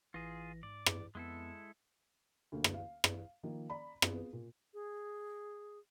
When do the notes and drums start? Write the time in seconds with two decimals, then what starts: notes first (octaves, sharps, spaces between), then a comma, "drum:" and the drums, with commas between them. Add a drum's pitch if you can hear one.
0.14 A1 E3 F4 G#4 A#6
0.63 G#2 D5
0.86 drum: rim click
1.15 F2 G#3 B3 E4 A4
2.52 D2 D3 A#3
2.64 drum: rim click
2.74 F5
3.04 drum: rim click
3.43 D#3 F3 A#3
3.70 D5 A#5 B5
4.02 B3 C4 F4 G#4 B4, drum: rim click
4.33 A#2
4.74 G#4